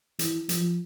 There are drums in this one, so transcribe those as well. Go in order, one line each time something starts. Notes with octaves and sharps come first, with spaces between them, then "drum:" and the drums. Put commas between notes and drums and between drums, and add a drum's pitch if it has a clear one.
E3, drum: hi-hat
F3, drum: hi-hat